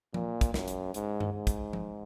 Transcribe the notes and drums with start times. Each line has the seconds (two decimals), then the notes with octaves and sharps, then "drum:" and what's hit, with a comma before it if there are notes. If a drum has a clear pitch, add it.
0.14 A#2, drum: tom F3
0.41 drum: kick, hi-hat
0.54 F#2, drum: snare
0.68 drum: hi-hat
0.94 G#2, drum: hi-hat
1.20 drum: tom G2
1.33 G#2
1.47 drum: kick, hi-hat
1.73 drum: tom F3